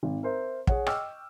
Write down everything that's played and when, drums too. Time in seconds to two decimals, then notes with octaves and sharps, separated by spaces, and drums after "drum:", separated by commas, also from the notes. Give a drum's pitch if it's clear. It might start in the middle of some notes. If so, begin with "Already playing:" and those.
0.03 G#1
0.23 A#4 C5 E5
0.67 G#4 C#5 F#5, drum: kick
0.86 D#5 G5 C#6 D6 E6 F6, drum: rim click